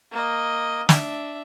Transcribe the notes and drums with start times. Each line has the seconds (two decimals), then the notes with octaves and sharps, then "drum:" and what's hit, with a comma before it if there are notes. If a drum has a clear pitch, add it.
0.12 A#3 D#5
0.89 D4 E5, drum: snare